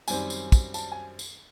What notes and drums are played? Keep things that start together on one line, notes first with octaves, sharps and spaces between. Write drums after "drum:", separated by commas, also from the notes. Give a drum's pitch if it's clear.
F#2 D#3 G3 C4 G#5, drum: tambourine
drum: tambourine
drum: kick, tambourine
A5, drum: tambourine
G#5
drum: tambourine